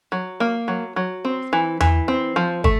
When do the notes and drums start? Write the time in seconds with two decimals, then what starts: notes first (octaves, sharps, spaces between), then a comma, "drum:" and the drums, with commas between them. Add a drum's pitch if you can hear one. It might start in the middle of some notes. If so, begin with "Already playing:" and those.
0.12 F#3
0.40 A#3
0.68 F#3
0.96 F#3
1.25 C4
1.53 E3
1.80 E3, drum: tom E2
2.08 C4
2.36 F3
2.64 A3, drum: kick